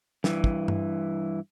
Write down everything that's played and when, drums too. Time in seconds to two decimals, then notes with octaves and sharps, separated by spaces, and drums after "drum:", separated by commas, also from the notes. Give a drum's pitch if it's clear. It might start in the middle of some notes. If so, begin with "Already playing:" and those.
0.24 G2 E3, drum: snare
0.44 drum: kick
0.68 drum: tom G2